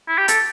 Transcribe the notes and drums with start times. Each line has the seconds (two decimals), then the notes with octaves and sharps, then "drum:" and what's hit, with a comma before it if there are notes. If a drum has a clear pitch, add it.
0.09 E4
0.18 G4
0.28 A4, drum: hi-hat